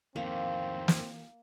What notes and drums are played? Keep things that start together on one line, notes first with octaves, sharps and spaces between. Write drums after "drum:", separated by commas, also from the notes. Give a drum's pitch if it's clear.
F2 D#3 A#3 C4
drum: snare